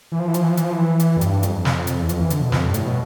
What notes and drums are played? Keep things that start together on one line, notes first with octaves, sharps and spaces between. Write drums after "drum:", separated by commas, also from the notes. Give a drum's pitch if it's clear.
E3
F3
E3
F3, drum: hi-hat
E3
F3
E3, drum: hi-hat
F3
E3
drum: hi-hat
F2
G2, drum: hi-hat
F2, drum: hi-hat
drum: snare
drum: hi-hat
E2
F2, drum: hi-hat
E3
D3, drum: hi-hat
B2
F2, drum: snare
G2
A2, drum: hi-hat
B2